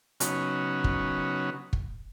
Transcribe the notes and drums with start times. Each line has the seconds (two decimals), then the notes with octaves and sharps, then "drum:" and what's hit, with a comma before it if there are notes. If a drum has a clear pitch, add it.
0.20 C#3 F#3 B3 C#4 D#4 F#4, drum: hi-hat
0.84 drum: kick
1.73 drum: kick